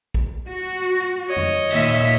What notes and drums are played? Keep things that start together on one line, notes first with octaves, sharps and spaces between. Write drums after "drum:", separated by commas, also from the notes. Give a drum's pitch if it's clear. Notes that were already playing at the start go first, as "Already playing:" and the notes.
drum: kick
F#4
C#5 D#5
drum: tom F2
D#2 A#2 E5, drum: cymbal